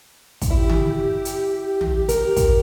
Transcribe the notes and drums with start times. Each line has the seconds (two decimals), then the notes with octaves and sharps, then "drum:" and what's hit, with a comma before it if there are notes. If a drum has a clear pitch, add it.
0.42 drum: kick, hi-hat
0.51 E4 G4
0.69 drum: tom D3
1.25 drum: hi-hat
1.81 drum: tom
2.09 A#4, drum: hi-hat
2.36 drum: kick, hi-hat